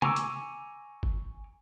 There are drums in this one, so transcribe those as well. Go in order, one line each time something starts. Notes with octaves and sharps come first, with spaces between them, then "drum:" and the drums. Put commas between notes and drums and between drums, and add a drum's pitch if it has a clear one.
G#5 A#5 C#6 D6 E6, drum: tom
drum: hi-hat
drum: kick G1